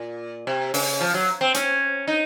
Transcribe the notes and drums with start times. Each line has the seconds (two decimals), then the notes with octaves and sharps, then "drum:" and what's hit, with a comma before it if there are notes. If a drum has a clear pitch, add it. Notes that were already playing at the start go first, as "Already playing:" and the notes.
Already playing: A#2
0.47 C3
0.74 C#3, drum: open hi-hat
1.01 F3
1.14 F#3
1.41 C4
1.54 C#4, drum: hi-hat
2.07 D#4